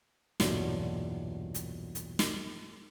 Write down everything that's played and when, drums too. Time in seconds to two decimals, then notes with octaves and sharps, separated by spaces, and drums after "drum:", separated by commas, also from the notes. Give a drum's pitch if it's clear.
0.40 B1 E2 G2 A#2 F#3 G3, drum: snare
1.54 drum: hi-hat
1.95 drum: hi-hat
2.19 drum: snare